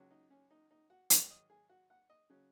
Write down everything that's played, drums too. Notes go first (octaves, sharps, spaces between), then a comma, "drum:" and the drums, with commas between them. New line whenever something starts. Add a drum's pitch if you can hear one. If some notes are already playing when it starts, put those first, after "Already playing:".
Already playing: C#2 C#3 F#3
D#4
C#4
D#4
D#4
F#4
G#2 D#3 F#3 A#4, drum: hi-hat
D#5
G#4
F#4
F#5
D#5
C#3 F#3